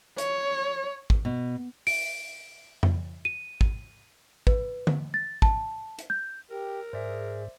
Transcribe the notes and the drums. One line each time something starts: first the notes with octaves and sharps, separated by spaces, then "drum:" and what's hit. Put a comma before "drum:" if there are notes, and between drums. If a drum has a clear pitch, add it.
C#5, drum: hi-hat
drum: kick
B2
D7, drum: open hi-hat
drum: tom F2
D#7
drum: kick
B4, drum: kick
drum: tom D3
A6
A5, drum: kick
drum: hi-hat
G6
G4 A#4
G#2 G#4 C5 D5 E5